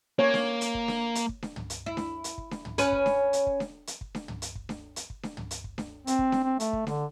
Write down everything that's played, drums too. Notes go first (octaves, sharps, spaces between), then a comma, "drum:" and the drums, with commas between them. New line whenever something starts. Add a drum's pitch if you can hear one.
A#3 C#5
drum: snare D4
drum: hi-hat
drum: kick
drum: snare D4
drum: hi-hat
drum: kick
drum: snare D4
drum: tom
drum: hi-hat
E4
drum: snare D4
drum: hi-hat
drum: kick
drum: snare D4
drum: tom
C#4 B4, drum: hi-hat
drum: kick
drum: snare D4
drum: hi-hat
drum: kick
drum: snare D4
drum: hi-hat
drum: kick
drum: snare D4
drum: tom
drum: hi-hat
drum: kick
drum: snare D4
drum: hi-hat
drum: kick
drum: snare D4
drum: tom
drum: hi-hat
drum: kick
drum: snare D4
C4, drum: hi-hat
drum: kick
drum: snare D4
C4
A3, drum: hi-hat
drum: kick
D3, drum: snare D4